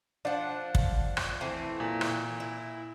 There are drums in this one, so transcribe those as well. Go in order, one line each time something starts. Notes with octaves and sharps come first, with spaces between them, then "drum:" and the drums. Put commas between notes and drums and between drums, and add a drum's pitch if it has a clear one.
F3 D4 F#5
drum: kick
drum: rim click
E3 A3 C4
A#2
drum: rim click
E4